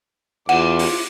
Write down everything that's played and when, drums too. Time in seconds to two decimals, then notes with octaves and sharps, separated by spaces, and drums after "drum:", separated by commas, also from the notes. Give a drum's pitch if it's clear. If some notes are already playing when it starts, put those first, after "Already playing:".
0.49 E2 F4 F#5 D6, drum: cymbal
0.79 drum: open hi-hat